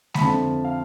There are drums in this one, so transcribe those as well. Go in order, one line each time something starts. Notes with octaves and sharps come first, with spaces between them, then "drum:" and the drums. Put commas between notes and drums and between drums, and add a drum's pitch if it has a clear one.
B5, drum: snare G#3
F2 D3 F3 A3 A5
F5